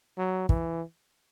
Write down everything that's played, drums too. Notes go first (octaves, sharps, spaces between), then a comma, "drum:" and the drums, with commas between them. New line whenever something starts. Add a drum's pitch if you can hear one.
F#3
E3, drum: kick